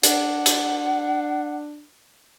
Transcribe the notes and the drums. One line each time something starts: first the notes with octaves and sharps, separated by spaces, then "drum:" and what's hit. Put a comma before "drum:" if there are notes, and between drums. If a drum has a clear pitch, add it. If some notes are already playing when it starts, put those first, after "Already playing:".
D4 F#5, drum: hi-hat
drum: hi-hat